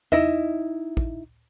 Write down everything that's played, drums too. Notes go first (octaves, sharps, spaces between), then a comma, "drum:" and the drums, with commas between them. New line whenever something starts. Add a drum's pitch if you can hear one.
D#4 E4 D#5 E5, drum: tom E2
drum: kick